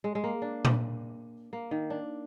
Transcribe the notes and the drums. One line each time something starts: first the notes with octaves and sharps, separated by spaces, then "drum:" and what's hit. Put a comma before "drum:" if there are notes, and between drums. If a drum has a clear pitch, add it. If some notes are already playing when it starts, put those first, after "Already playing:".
G#3
G#3
A#3
D4
drum: tom A#2
A#3
D#3
D4